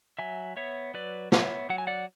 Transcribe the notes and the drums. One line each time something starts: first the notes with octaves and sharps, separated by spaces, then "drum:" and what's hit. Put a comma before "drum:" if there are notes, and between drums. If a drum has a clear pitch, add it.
F#3 E5 G#5
B3 C#5 E5
F#3 B4 D5
B3 C#5 E5, drum: snare
F#3 F#5
G#5
D5 F#5